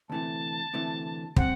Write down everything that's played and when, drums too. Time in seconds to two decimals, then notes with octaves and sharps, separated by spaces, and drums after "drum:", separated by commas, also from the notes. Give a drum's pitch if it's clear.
0.09 D2 C3 E3 A3 A5
0.74 D2 C3 E3 A3
1.36 C3 G3 C4 F#5, drum: kick